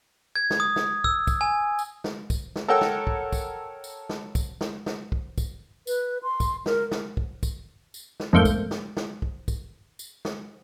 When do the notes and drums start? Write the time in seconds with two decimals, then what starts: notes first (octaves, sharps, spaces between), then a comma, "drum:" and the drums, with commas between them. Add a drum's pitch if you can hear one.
0.35 G#6
0.50 drum: snare
0.60 D#6
0.76 drum: snare
1.04 E6, drum: kick
1.27 drum: kick, tambourine
1.41 G#5
1.79 drum: tambourine
2.04 drum: snare
2.30 drum: kick, tambourine
2.56 drum: snare
2.68 A4 A#4 C#5 F#5 G5 E6
2.81 drum: snare
3.07 drum: kick
3.33 drum: kick, tambourine
3.84 drum: tambourine
4.09 drum: snare
4.35 drum: kick, tambourine
4.61 drum: snare
4.86 drum: snare
5.12 drum: kick
5.38 drum: kick, tambourine
5.87 B4, drum: tambourine
6.23 C6
6.40 drum: kick, tambourine
6.66 A#4, drum: snare
6.91 drum: snare
7.17 drum: kick
7.43 drum: kick, tambourine
7.94 drum: tambourine
8.20 drum: snare
8.33 F2 G#2 A3 A#3 G6
8.45 drum: kick, tambourine
8.71 drum: snare
8.97 drum: snare
9.22 drum: kick
9.48 drum: kick, tambourine
9.99 drum: tambourine
10.25 drum: snare